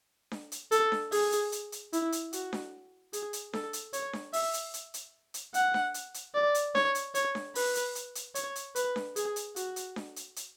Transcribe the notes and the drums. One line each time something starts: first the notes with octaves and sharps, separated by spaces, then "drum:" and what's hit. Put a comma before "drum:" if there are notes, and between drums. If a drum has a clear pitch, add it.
drum: snare D4
drum: hi-hat
A4, drum: hi-hat
drum: snare D4
G#4, drum: open hi-hat
drum: hi-hat
drum: hi-hat
drum: hi-hat
E4, drum: hi-hat
drum: hi-hat
F#4, drum: hi-hat
drum: snare D4
G#4, drum: hi-hat
drum: hi-hat
A4, drum: snare D4
drum: hi-hat
C#5, drum: hi-hat
drum: snare D4
E5, drum: open hi-hat
drum: hi-hat
drum: hi-hat
drum: hi-hat
drum: hi-hat
F#5, drum: hi-hat
drum: snare D4
drum: hi-hat
drum: hi-hat
D5
drum: hi-hat
C#5, drum: snare D4
drum: hi-hat
C#5, drum: hi-hat
drum: snare D4
B4, drum: open hi-hat
drum: hi-hat
drum: hi-hat
drum: hi-hat
C#5, drum: hi-hat
drum: hi-hat
B4, drum: hi-hat
drum: snare D4
G#4, drum: hi-hat
drum: hi-hat
F#4, drum: hi-hat
drum: hi-hat
drum: snare D4
drum: hi-hat
drum: hi-hat